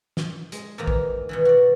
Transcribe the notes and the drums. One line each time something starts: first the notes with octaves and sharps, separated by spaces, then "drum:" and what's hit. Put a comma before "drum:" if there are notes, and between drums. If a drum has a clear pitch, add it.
drum: snare
G#3, drum: hi-hat
E2 G#2 D#3 A#3 A#5
drum: kick A#1
B2 D#3 E3
F#4 D5